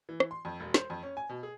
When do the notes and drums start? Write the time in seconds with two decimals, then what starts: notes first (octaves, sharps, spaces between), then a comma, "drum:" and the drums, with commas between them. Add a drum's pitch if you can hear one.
0.09 E3
0.20 drum: rim click
0.31 C6
0.45 F2
0.60 E1
0.74 C5, drum: snare
0.90 F2
1.03 C#4
1.17 G#5
1.29 B2
1.43 G#4